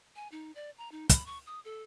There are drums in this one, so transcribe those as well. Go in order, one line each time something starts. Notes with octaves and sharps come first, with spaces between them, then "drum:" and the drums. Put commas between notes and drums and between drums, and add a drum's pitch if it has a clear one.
G#5
D#4
D5
A#5
D#4
B5, drum: kick, hi-hat
C#6
D#6
A4